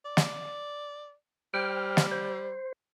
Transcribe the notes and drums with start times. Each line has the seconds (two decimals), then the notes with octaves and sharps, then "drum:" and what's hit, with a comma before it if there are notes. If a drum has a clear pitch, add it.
0.05 D5
0.17 drum: snare
1.54 G3 C5 G5 F6
1.97 drum: snare
2.11 C5